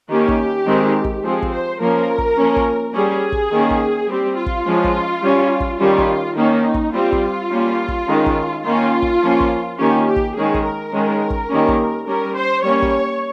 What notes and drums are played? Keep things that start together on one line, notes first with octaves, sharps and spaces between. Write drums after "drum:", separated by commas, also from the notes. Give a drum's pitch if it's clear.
D#3 A#3 C#4 G4
drum: kick
D#3 G#3 C4
drum: kick
F3 G#3 C4 G#4
drum: kick
C5
F3 A#3 C#4 A#4
drum: kick
F3 A#3 C#4
drum: kick
G3 C#4 G#4
drum: kick
D#3 A#3 C#4
drum: kick
G3 C4 G4
F4
drum: kick
F3 G#3 C#4
drum: kick
G3 C#4
drum: kick
D#3 G3 C#4 F4
drum: kick
D#3 A#3 C#4 D#4
drum: kick
G3 C4 F4
drum: kick
G3 A#3 C#4
drum: kick
D#3 G#3 C#4
drum: kick
D#3 A#3 C#4 F4
drum: kick
F3 A#3 C#4
drum: kick
D#3 A#3 C#4 G4
G4
drum: kick
D#3 G#3 C#4 G#4
drum: kick
A#4
D#3 G#3 C#4
drum: kick
D#3 G3 A#3 C#4
drum: kick
G3 C#4 A#4
C5
G3 A#3 C#4 C#5
drum: kick